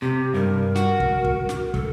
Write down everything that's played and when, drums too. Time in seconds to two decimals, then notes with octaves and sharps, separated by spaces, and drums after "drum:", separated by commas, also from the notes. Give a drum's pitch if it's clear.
0.02 C3 G4
0.34 G2 A#4
0.76 F#4, drum: snare
1.00 drum: kick
1.24 drum: kick
1.49 drum: snare
1.74 A4, drum: kick